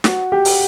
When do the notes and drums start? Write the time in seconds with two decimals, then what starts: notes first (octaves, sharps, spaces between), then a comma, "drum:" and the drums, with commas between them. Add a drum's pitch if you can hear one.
0.04 F#4 F#5, drum: snare
0.32 G4 G5
0.45 drum: open hi-hat